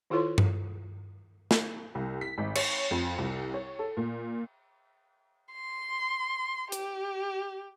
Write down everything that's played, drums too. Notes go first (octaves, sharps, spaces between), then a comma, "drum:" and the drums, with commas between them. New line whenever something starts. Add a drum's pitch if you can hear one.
D#3 E4 F4 A4 C#5 C6
drum: tom G2
drum: snare
C2
B6
G#1
C#5, drum: cymbal
F2
C2
C#5
A4
A#2
C6
G4, drum: hi-hat